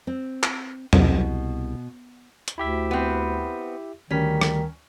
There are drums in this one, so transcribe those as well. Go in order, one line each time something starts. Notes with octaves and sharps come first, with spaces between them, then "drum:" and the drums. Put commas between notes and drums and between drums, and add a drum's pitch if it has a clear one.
C4
drum: clap
C2 B2, drum: tom
drum: hi-hat
D2 E4 G4 E5
B3 C4
D2 D#3 G3 C#4 B6
drum: rim click